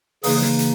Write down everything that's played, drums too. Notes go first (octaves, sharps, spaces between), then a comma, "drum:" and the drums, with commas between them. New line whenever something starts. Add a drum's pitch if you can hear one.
C#3 E3 A#3 D#4 G#4, drum: open hi-hat
drum: snare
drum: hi-hat